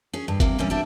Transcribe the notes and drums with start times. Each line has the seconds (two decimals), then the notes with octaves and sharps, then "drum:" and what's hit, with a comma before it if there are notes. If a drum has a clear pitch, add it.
0.13 C#4 G#4
0.28 G2
0.40 C3 A#3, drum: kick G1, hi-hat
0.58 A#2 E3 G3 A#3 C#4
0.70 B3 D4 G4 E5